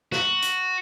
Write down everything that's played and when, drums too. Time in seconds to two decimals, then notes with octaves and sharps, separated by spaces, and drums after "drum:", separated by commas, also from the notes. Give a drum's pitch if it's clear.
0.12 F#4, drum: snare
0.42 drum: hi-hat